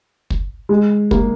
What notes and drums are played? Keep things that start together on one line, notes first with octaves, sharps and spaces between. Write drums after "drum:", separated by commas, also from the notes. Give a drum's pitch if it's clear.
drum: kick
G#3
A#3, drum: kick